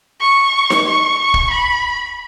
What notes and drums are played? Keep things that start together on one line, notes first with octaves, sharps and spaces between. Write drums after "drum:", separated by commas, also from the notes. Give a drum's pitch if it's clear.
C#6
drum: snare D#4
C#6
C#6
drum: kick
B5